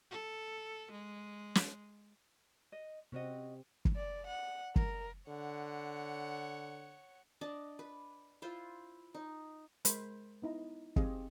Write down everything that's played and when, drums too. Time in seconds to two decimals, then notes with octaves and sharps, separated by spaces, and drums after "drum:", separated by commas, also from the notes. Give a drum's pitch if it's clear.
0.10 A4
0.91 G#3
1.55 drum: snare
2.72 D#5
3.12 C3 C4 C#4 F#4 D#5
3.85 drum: kick
3.96 D5
4.27 F#5
4.76 A#4, drum: kick
5.28 D3 C#5 F#5
7.41 D4 D#5 A5
7.79 B4
8.42 E4 F4 C5
9.14 D#4
9.85 G#3 A#4 C5 B5, drum: hi-hat
10.42 B3 D#4 E4 A#5
10.96 C4 G4 G#4 D#5 F5, drum: kick